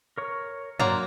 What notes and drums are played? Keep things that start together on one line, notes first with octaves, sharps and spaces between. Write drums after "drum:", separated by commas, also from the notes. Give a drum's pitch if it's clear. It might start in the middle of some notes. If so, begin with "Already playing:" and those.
A#4 C#5
F#3 A#3 D5 A#5 C6, drum: tom